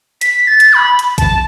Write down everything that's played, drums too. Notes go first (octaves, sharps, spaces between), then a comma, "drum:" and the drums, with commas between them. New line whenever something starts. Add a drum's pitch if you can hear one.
B6, drum: hi-hat
A6
drum: hi-hat
B5
drum: hi-hat
A5, drum: kick A#1, hi-hat